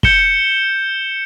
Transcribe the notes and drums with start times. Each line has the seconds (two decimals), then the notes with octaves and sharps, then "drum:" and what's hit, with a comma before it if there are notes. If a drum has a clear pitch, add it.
0.03 G6 C#7 E7 G7, drum: kick